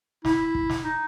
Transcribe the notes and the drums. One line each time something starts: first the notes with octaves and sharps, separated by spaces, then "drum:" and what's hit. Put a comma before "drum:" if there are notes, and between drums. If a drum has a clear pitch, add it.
E4, drum: snare
drum: kick
drum: snare
D#4